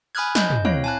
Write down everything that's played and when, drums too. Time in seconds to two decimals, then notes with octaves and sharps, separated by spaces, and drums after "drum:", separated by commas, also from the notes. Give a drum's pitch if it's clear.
0.15 G#5 B5 D#6 F6 F#6 G#6
0.35 D#5 G6, drum: snare
0.50 drum: tom
0.65 C4 E4 C#5 F5, drum: tom
0.84 G#5 A5 F#6